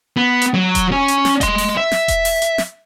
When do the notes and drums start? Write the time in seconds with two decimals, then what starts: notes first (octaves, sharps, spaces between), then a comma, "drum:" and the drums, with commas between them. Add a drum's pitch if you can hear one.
0.17 B3
0.41 drum: hi-hat
0.54 F#3
0.75 drum: kick E1, hi-hat
0.92 C#4
1.08 drum: hi-hat
1.25 drum: snare
1.41 D#5 C6, drum: kick E1, hi-hat
1.58 drum: open hi-hat
1.77 E5
1.92 drum: snare
2.08 drum: kick E1, hi-hat
2.25 drum: open hi-hat
2.42 drum: hi-hat
2.58 drum: snare